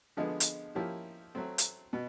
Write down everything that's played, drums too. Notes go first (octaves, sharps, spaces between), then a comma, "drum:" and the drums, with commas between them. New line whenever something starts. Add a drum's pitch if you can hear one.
D3 F3 G#3 B3
drum: hi-hat
F3 A#3 C#4 E4 G4
F#3 A3 C4
drum: hi-hat
B2